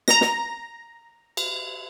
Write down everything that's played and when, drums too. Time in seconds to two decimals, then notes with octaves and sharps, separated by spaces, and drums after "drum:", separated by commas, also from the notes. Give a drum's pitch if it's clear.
0.08 A#5 A#6, drum: snare
0.21 drum: snare
1.37 drum: cymbal